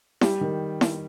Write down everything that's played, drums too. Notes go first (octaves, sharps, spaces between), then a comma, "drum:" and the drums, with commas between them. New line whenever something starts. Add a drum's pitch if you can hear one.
G3, drum: snare E4
D#3
drum: snare E4